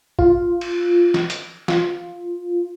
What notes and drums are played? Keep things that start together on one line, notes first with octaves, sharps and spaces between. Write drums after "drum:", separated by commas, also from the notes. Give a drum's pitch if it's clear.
F4, drum: kick A1
drum: cymbal
drum: snare
drum: hi-hat
F4, drum: snare